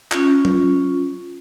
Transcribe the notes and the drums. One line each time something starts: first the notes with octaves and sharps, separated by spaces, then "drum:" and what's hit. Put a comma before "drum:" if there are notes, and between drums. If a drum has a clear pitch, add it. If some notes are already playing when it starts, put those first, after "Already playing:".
C#4 F4, drum: clap
drum: tom F#3